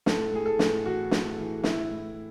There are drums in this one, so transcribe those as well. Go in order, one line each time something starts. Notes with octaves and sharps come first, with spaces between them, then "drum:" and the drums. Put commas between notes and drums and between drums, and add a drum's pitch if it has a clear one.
A2 A4, drum: snare
A2 G#4
A4
A2, drum: snare
E3 F#4
A2, drum: snare
E3
A2 E4, drum: snare
A2